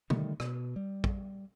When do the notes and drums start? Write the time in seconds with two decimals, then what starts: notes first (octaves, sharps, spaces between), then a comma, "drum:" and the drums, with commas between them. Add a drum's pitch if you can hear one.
0.10 D3 D#3 G3 A3, drum: tom
0.40 B2, drum: rim click
0.76 G3
1.04 drum: kick